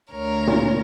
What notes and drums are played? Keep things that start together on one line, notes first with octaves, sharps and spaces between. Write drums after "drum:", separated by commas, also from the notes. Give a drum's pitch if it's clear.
D2 A#4 C#5
A#2, drum: tom